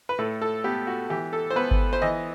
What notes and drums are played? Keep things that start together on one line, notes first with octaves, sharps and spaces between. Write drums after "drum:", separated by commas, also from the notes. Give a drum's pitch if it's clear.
B4
A2 A4
A4
B3 G4
F#4
E3 G4
A4
C5
B3 B4
drum: kick G1
C5
E3 D#5